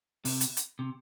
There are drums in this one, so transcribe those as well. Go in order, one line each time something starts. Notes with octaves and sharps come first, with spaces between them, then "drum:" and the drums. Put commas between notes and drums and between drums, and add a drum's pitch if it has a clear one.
C3, drum: open hi-hat
drum: hi-hat
drum: hi-hat
C3